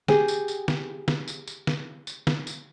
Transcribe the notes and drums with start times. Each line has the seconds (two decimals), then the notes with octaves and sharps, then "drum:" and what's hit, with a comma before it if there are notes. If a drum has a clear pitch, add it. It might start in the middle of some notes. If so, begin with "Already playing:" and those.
0.08 G4 G#4, drum: snare
0.28 drum: tambourine
0.48 drum: tambourine
0.68 drum: snare
1.08 drum: snare
1.28 drum: tambourine
1.47 drum: tambourine
1.67 drum: snare
2.07 drum: tambourine
2.27 drum: snare
2.47 drum: tambourine